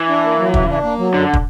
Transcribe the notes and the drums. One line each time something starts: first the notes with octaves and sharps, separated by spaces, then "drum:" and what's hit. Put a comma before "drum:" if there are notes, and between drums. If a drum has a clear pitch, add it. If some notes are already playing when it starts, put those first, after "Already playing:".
Already playing: E3
D4
A#3
F#3
C#3, drum: kick
D4
A#3
F#3
F#2 D3
drum: kick